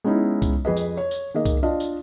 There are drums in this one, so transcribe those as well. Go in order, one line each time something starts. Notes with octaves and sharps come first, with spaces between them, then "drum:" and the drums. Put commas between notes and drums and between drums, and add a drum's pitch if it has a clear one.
G#3 B3 C#4 D#4 E4
drum: kick, tambourine
F2 G#4 B4 D#5
drum: tambourine
C#5
drum: tambourine
D#3 A#3 G#4 D#5
drum: kick, tambourine
D4 F4 D#5
drum: tambourine